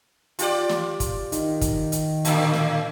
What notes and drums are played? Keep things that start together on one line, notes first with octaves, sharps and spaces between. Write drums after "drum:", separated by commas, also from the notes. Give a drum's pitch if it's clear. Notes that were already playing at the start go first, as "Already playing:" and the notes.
F4 G4 D5, drum: hi-hat
drum: snare
drum: kick, hi-hat
D#3, drum: hi-hat
drum: kick, hi-hat
drum: hi-hat
A2 D3, drum: hi-hat
drum: snare